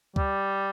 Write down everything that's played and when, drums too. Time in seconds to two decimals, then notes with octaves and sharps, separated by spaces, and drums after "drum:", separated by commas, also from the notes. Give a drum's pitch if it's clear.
0.16 G3, drum: kick C#2